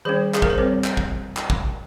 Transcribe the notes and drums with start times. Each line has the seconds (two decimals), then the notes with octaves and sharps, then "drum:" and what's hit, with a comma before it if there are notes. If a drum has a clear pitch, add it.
0.05 D#3 G3 C#4 G#4 C5
0.34 G#4, drum: clap
0.42 A#4, drum: kick
0.50 C5
0.58 G3 C4 A#4 C#5
0.84 drum: clap
0.97 drum: kick
1.37 drum: clap
1.50 drum: kick